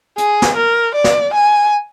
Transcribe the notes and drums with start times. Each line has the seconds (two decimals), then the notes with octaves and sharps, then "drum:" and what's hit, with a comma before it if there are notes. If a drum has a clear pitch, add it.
0.18 G#4, drum: hi-hat
0.42 drum: snare
0.56 A#4
0.95 D5
1.04 drum: snare
1.33 G#5